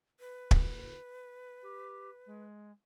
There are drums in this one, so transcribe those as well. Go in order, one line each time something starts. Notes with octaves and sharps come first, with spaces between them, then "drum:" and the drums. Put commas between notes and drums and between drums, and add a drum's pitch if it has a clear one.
B4
drum: kick
G4
G#3